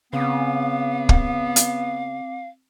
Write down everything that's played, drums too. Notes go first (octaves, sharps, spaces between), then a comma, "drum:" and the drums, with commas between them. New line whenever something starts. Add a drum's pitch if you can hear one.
C#3 B3 C4 F5 D6
drum: kick
drum: hi-hat